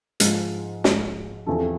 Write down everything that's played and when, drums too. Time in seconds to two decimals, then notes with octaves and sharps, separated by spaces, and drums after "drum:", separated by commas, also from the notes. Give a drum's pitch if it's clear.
0.20 G#2 F3 G#3, drum: hi-hat
0.84 G#2 F3 G#3, drum: snare
1.47 E2 C3 F3 A4